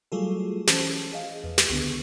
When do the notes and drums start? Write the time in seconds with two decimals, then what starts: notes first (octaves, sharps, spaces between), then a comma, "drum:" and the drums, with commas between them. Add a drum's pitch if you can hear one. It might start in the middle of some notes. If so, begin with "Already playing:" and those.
0.12 F#3 G3 A3 F4 G#4 A4
0.67 E3 C#4 C5 A5, drum: snare
1.12 G#4 D#5 F5
1.44 E2
1.58 drum: snare
1.69 C#2 D3 B3 C#6